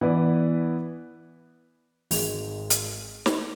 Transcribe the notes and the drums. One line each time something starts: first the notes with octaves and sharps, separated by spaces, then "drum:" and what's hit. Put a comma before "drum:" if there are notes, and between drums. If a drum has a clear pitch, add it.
E3 B3 E4 B4 D5
G#1 G#2 G#3, drum: open hi-hat
drum: hi-hat
drum: snare